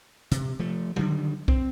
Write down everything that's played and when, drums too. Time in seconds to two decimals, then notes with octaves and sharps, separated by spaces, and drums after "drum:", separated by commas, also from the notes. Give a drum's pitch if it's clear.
0.31 C3, drum: hi-hat
0.59 F3 A3
0.96 D3 D#3 G3, drum: tom F#3
1.48 C4, drum: kick B1